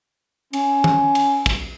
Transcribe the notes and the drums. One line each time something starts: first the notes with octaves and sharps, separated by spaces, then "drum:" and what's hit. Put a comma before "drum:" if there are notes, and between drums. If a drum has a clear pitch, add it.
C#4, drum: cymbal
drum: tom D#3
drum: cymbal
drum: kick, cymbal